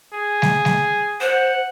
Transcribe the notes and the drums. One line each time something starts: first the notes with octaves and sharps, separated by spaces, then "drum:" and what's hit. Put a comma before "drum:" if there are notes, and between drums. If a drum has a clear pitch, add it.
G#4
drum: snare G3
drum: snare G3
C5 F#5